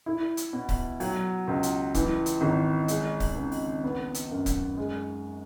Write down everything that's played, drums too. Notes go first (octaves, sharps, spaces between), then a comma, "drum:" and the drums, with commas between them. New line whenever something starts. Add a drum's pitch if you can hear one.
E4
drum: hi-hat
B2
drum: kick C#1, open hi-hat
F#3, drum: open hi-hat
C#2
drum: hi-hat
E3, drum: kick C#1, hi-hat
drum: hi-hat
G#1
G#3, drum: hi-hat
drum: kick C#1, open hi-hat
C#2
drum: open hi-hat
B3
drum: hi-hat
F#2
drum: kick C#1, hi-hat
G#3